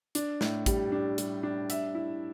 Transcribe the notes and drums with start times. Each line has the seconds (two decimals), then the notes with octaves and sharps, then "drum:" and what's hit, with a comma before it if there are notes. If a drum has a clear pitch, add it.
0.15 D4, drum: hi-hat
0.41 A2, drum: snare
0.66 G3, drum: kick, hi-hat
0.92 D4
1.18 G3, drum: hi-hat
1.43 D4
1.70 E5, drum: hi-hat
1.95 E4